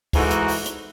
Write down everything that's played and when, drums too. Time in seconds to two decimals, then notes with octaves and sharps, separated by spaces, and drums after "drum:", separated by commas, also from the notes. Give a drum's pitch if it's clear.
0.13 G#2 E3 A3 D#4 F#4, drum: kick, open hi-hat
0.31 drum: hi-hat
0.48 drum: open hi-hat
0.66 drum: hi-hat